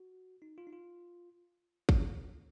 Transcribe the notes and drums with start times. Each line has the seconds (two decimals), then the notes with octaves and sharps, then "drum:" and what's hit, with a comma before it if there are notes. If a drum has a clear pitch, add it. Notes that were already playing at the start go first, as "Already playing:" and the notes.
Already playing: F#4
0.42 D#4
0.58 F4
0.67 D#4
0.73 F4
1.89 drum: kick